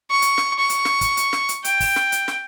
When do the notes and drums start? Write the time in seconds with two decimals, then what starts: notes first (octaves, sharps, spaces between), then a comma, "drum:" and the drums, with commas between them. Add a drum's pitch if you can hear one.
0.11 C#6
0.22 drum: hi-hat
0.38 drum: snare
0.59 C#6
0.69 drum: hi-hat
0.85 drum: snare
1.01 drum: kick, hi-hat
1.17 drum: hi-hat
1.33 drum: snare
1.49 drum: hi-hat
1.65 G5, drum: hi-hat
1.80 drum: kick, open hi-hat
1.96 drum: snare
2.12 drum: hi-hat
2.28 drum: snare